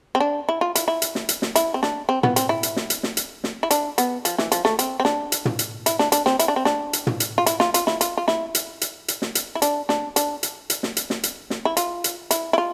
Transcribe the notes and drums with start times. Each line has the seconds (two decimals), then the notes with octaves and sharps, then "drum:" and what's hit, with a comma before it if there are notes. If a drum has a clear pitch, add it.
0.15 C4
0.20 D4
0.49 E4
0.61 F4
0.75 E4, drum: hi-hat
0.88 E4
1.02 drum: hi-hat
1.15 drum: snare
1.29 drum: hi-hat
1.42 drum: snare
1.56 E4, drum: hi-hat
1.74 C4
1.83 D4, drum: snare
2.09 C4
2.23 B3, drum: tom
2.36 C4, drum: hi-hat
2.49 E4
2.63 drum: hi-hat
2.76 drum: snare
2.90 drum: hi-hat
3.03 drum: snare
3.17 drum: hi-hat
3.44 drum: snare
3.63 E4
3.71 D4, drum: hi-hat
3.98 B3, drum: hi-hat
4.25 F3, drum: hi-hat
4.38 E3, drum: snare
4.52 F3, drum: hi-hat
4.65 A3, drum: snare
4.79 C4, drum: hi-hat
5.00 C4
5.05 D4, drum: snare
5.32 drum: hi-hat
5.45 drum: tom
5.59 drum: hi-hat
5.86 E4, drum: hi-hat
5.99 D4, drum: snare
6.12 D4, drum: hi-hat
6.26 C4, drum: snare
6.39 E4, drum: hi-hat
6.48 D4
6.56 C4
6.65 D4, drum: snare
6.93 drum: hi-hat
7.07 drum: tom
7.20 drum: hi-hat
7.38 F4
7.46 E4, drum: hi-hat
7.60 F4, drum: snare
7.74 F4, drum: hi-hat
7.87 E4, drum: snare
8.01 F4, drum: hi-hat
8.18 F4
8.28 E4, drum: snare
8.55 drum: hi-hat
8.81 drum: hi-hat
9.08 drum: hi-hat
9.22 drum: snare
9.35 drum: hi-hat
9.55 E4
9.62 D4, drum: hi-hat
9.89 D4, drum: snare
10.16 D4, drum: hi-hat
10.43 drum: hi-hat
10.70 drum: hi-hat
10.83 drum: snare
10.97 drum: hi-hat
11.10 drum: snare
11.23 drum: hi-hat
11.50 drum: snare
11.65 E4
11.77 F4, drum: hi-hat
12.04 drum: hi-hat
12.31 E4, drum: hi-hat
12.53 E4
12.58 F4